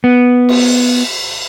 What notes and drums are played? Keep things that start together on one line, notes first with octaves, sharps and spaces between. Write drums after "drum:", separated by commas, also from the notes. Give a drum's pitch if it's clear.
B3
drum: cymbal